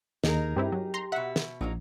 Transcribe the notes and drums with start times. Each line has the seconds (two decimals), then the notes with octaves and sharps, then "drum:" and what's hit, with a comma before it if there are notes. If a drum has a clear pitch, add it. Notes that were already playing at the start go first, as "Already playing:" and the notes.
0.24 D#2 D#4 G#4 A#4, drum: snare
0.56 G2 C4 E4 G4
0.72 F#3
0.94 A#5 C6
1.12 B2 E5 F#5
1.36 drum: snare
1.61 A#1 F#3 A#3 D#4